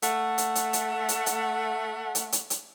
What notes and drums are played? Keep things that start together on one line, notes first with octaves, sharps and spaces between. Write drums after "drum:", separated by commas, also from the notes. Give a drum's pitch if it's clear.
A3 F#5, drum: hi-hat
drum: hi-hat
drum: hi-hat
drum: hi-hat
drum: hi-hat
drum: hi-hat
drum: hi-hat
drum: hi-hat
drum: hi-hat